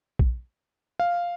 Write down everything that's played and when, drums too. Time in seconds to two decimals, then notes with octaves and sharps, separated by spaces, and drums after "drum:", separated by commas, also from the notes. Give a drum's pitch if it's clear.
0.19 drum: kick A#1
1.00 F5